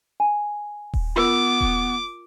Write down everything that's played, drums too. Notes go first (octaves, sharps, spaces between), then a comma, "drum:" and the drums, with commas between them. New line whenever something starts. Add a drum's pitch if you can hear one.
G#5
drum: kick D#1
B3 F4 A#4 D6
drum: kick D#1